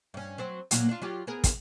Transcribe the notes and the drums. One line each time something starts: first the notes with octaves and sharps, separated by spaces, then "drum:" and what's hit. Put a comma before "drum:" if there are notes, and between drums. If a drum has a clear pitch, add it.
G2 C#4
F#3 C4
A#2 F#3 A#3, drum: hi-hat
D4 F4
F#3 F4 G4
B3 G#4 A#4
drum: kick, hi-hat